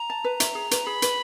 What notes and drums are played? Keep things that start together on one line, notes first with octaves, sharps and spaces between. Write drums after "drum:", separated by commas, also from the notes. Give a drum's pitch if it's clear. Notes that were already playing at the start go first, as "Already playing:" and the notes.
Already playing: A#5
A5
B4
E5, drum: hi-hat
G#4
B4, drum: hi-hat
G#4 B5
B4, drum: hi-hat